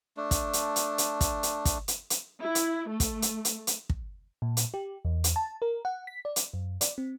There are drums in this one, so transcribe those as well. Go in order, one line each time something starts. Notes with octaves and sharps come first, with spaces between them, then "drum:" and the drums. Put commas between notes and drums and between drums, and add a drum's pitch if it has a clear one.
A3 D4
drum: kick, hi-hat
drum: hi-hat
drum: hi-hat
drum: hi-hat
drum: kick, hi-hat
drum: hi-hat
drum: kick, hi-hat
drum: hi-hat
drum: hi-hat
E4
drum: hi-hat
A3
drum: kick, hi-hat
drum: hi-hat
drum: hi-hat
drum: hi-hat
drum: kick
A#2
drum: hi-hat
G4
E2
drum: hi-hat
A5
A#4
F#5
B6
D5
drum: hi-hat
F#2
D5, drum: hi-hat
C4